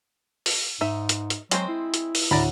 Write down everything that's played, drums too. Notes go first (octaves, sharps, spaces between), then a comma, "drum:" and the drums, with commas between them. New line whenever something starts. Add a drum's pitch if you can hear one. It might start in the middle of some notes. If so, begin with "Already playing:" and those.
drum: open hi-hat
G#2 D#4 E5
drum: hi-hat
drum: hi-hat
F#3 G#3 C4 C5, drum: hi-hat
E4
drum: hi-hat
drum: open hi-hat
D2 A2 D5 A#5 B5